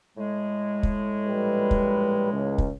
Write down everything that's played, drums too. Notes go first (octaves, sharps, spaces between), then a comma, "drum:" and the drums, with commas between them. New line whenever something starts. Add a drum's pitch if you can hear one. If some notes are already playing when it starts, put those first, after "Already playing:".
A2 G#3
drum: kick
A#1 G3 B4
drum: kick
C#2 C#3
drum: kick